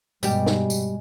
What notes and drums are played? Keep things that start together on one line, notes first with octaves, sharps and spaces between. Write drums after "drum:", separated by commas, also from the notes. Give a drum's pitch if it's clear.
G2 B2 G3 G#3 G4, drum: tambourine
drum: snare
drum: tambourine